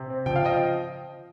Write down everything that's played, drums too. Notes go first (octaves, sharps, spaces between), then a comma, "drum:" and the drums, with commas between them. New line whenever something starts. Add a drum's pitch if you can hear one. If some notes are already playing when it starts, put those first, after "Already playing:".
Already playing: C3
C4
F3 G5, drum: tom C#3
F5
F3 D#5 G5